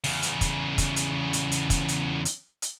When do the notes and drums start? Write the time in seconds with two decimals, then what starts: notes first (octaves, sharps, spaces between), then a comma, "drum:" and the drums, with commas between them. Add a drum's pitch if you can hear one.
0.04 E2 C#3, drum: open hi-hat
0.23 drum: hi-hat
0.41 drum: kick, hi-hat
0.78 drum: kick, hi-hat
0.96 drum: hi-hat
1.33 drum: hi-hat
1.52 drum: hi-hat
1.70 drum: kick, hi-hat
1.88 drum: hi-hat
2.25 drum: hi-hat
2.62 drum: hi-hat